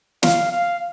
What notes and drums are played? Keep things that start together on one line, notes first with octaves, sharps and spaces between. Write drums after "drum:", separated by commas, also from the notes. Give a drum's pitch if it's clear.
F5, drum: snare
F5